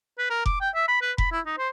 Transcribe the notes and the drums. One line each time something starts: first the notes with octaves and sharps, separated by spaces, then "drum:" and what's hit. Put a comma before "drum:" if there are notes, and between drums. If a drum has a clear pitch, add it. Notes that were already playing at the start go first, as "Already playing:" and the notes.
B4
A#4
D6, drum: kick F1
G5
E5
B5
B4
B5, drum: kick F1
E4
D#4
C5